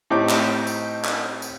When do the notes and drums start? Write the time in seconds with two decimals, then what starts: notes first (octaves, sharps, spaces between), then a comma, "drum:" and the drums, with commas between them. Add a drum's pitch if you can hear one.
0.10 A2 C4 D#4 G4 D6
0.29 drum: clap
0.67 drum: tambourine
1.05 drum: clap
1.42 drum: tambourine